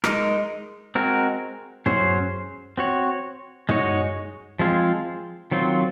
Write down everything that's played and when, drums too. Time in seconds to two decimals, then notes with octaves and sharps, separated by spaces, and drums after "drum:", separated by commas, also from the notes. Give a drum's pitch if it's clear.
0.04 G#3 D#4 A#4, drum: rim click
0.95 G#3 C4 F#4 A#4
1.86 F#3 C#4 G#4 C5, drum: tom
2.78 C4 F#4 C#5
3.69 G#3 D#4 F#4 C#5, drum: tom
4.59 F3 G#3 C4 F4 G#4
5.51 D#3 F#3 C4 F4